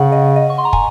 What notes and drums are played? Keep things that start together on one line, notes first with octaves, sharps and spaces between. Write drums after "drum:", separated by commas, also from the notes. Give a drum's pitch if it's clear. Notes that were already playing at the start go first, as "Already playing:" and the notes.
Already playing: C#3 F#5
D#5
D#5
C#6
C6
A#5
G#5, drum: kick